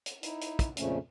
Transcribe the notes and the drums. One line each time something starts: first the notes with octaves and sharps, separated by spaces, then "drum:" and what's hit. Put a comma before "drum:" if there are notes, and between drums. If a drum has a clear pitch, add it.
drum: hi-hat
D#4 E4, drum: hi-hat
drum: hi-hat
drum: kick, hi-hat
F2 A#2 C#3 F3 A3 C#4, drum: hi-hat